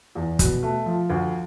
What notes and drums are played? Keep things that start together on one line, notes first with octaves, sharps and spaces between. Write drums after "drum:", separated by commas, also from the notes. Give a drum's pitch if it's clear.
E2
B2, drum: kick, hi-hat
A3
F3
D2